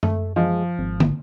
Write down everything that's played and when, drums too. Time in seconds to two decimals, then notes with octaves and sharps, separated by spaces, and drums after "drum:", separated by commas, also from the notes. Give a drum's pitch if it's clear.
0.03 A3, drum: tom F#2
0.36 F3 G#3
0.79 G#1
1.00 drum: tom